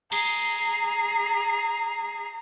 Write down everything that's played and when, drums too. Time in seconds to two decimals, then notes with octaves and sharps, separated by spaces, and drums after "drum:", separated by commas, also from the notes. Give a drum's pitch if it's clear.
0.12 G#4 A#5, drum: cymbal